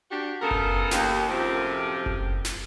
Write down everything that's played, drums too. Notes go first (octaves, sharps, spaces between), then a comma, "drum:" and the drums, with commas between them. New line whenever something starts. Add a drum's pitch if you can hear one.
D4 F#4 G4
C#3 A3 B3 A4 A#4
drum: kick F#1
D#2, drum: snare
F#2 A2 C3 F3
drum: kick F#1
drum: snare